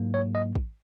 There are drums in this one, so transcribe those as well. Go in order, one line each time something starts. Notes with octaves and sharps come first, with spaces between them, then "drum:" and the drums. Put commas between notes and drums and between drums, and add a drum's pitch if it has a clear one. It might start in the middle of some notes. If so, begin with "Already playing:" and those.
Already playing: G#2 F#3 A#3
C#5
D#5
drum: kick